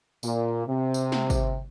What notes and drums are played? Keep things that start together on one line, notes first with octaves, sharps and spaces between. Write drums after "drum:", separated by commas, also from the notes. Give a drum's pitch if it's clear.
A#2, drum: tambourine
C3
drum: tambourine
drum: snare
drum: kick, tambourine